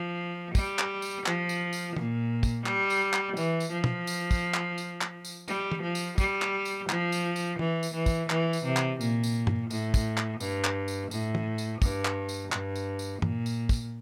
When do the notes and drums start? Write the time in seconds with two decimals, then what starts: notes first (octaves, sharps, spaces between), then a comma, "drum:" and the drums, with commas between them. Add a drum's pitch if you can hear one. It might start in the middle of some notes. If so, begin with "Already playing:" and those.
Already playing: F3
0.55 G3, drum: kick, tambourine
0.79 drum: clap
1.02 drum: tambourine
1.26 F3, drum: clap
1.49 drum: tambourine
1.73 drum: tambourine
1.96 A#2, drum: tom
2.43 drum: kick, tambourine
2.66 G3, drum: clap
2.90 drum: tambourine
3.13 drum: clap
3.37 E3, drum: tambourine
3.60 drum: tambourine
3.72 F3
3.84 drum: tom
4.07 drum: tambourine
4.31 drum: kick, tambourine
4.54 drum: clap
4.78 drum: tambourine
5.01 drum: clap
5.25 drum: tambourine
5.48 G3, drum: tambourine
5.72 drum: tom
5.83 F3
5.95 drum: tambourine
6.18 G3, drum: kick, tambourine
6.42 drum: clap
6.65 drum: tambourine
6.89 F3, drum: clap
7.12 drum: tambourine
7.36 drum: tambourine
7.59 E3, drum: tom
7.83 drum: tambourine
7.94 E3
8.06 drum: kick, tambourine
8.30 E3, drum: clap
8.53 drum: tambourine
8.65 C3
8.77 drum: clap
9.01 A#2, drum: tambourine
9.24 drum: tambourine
9.47 drum: tom G2
9.70 A2, drum: tambourine
9.94 drum: kick, tambourine
10.17 drum: clap
10.40 G2, drum: tambourine
10.64 drum: clap
10.88 drum: tambourine
11.11 A2, drum: tambourine
11.35 drum: tom
11.58 drum: tambourine
11.82 G2, drum: kick, tambourine
12.05 drum: clap
12.29 drum: tambourine
12.52 G2, drum: clap
12.76 drum: tambourine
12.99 drum: tambourine
13.22 A#2, drum: tom G2
13.46 drum: tambourine
13.69 drum: kick, tambourine